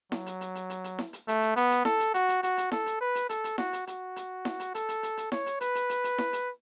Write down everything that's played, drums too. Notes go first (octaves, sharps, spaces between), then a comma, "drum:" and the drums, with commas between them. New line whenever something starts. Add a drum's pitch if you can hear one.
F#3, drum: snare E4
drum: hi-hat
drum: hi-hat
drum: hi-hat
drum: hi-hat
drum: hi-hat
drum: snare E4
drum: hi-hat
A3, drum: hi-hat
drum: hi-hat
B3, drum: hi-hat
drum: hi-hat
A4, drum: snare E4
drum: hi-hat
F#4, drum: hi-hat
drum: hi-hat
F#4, drum: hi-hat
drum: hi-hat
A4, drum: snare E4
drum: hi-hat
B4
drum: hi-hat
A4, drum: hi-hat
drum: hi-hat
F#4, drum: snare E4
drum: hi-hat
F#4, drum: hi-hat
drum: hi-hat
drum: snare E4
drum: hi-hat
A4, drum: hi-hat
drum: hi-hat
drum: hi-hat
drum: hi-hat
C#5, drum: snare E4
drum: hi-hat
B4, drum: hi-hat
drum: hi-hat
drum: hi-hat
drum: hi-hat
drum: snare E4
drum: hi-hat